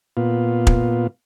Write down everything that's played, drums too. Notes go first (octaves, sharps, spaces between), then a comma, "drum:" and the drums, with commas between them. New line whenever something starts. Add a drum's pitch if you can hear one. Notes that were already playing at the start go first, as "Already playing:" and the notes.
A#2 B3 F4
drum: kick